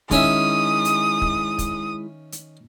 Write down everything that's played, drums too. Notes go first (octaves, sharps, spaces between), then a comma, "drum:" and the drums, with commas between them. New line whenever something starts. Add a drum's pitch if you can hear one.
D#3 G#3 C#4 E4 E5 D#6, drum: kick, hi-hat
drum: hi-hat
drum: kick
drum: kick, hi-hat
drum: hi-hat